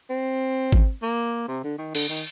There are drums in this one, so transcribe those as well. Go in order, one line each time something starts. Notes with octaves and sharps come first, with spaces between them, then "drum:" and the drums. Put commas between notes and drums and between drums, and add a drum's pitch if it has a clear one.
C4
drum: kick G#1
A#3
C3
D3
D#3
D3, drum: cymbal
D#3